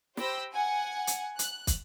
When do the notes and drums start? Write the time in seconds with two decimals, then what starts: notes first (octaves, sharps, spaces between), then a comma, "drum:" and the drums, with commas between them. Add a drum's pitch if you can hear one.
0.17 G4 C5 G5 B5 E6 A#6, drum: snare
0.54 F#5 G#5
1.07 drum: hi-hat
1.39 F#6, drum: hi-hat
1.67 drum: kick, hi-hat